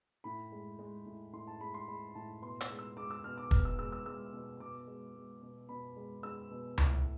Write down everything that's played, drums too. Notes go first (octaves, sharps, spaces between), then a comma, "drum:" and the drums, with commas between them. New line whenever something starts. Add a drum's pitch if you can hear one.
A2 B5
G#3
G#3
A2
A2 C6
A5
G#3 B5
C6
G#3 B5
A2 A5
B2 C6
E6, drum: hi-hat
G#3
E6
G#3 D6
E6
B2 F6
D6
B2 F6, drum: kick
E6
G#3 E6
E6
G#3 E6
B2
B2 D6
G#3
G#3
B2
B2 B5
G#3
G#3 E6
B2
A2, drum: tom C#2